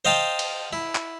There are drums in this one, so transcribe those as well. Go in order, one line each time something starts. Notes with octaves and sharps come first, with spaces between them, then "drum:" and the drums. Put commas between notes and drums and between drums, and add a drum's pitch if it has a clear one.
C5 D#5 F5 G5 A5
drum: cymbal
E4
drum: clap